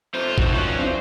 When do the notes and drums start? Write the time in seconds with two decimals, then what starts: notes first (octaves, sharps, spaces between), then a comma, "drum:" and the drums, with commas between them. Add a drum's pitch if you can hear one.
0.14 F2 C3 F3 A3 F4 C5
0.38 G2 E3 D#4 F#4, drum: kick
0.53 G2 F3 F#3 C#4
0.79 C4 D4 E4 C5